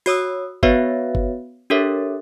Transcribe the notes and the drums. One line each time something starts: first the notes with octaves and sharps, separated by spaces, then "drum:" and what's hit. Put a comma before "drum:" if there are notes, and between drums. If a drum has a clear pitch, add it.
F#4 C#5 D#6 E6, drum: open hi-hat
B3 F#4 B4 C#5 E5 F5, drum: kick
drum: kick
D4 G4 A4 A#4 C#5 E5